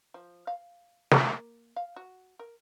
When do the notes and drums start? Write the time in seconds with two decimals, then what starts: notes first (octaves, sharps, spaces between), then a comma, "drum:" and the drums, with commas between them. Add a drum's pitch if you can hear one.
0.14 F3
0.47 F5
1.11 C#4, drum: snare
1.25 A#3
1.76 F5
1.96 F#4
2.39 A#4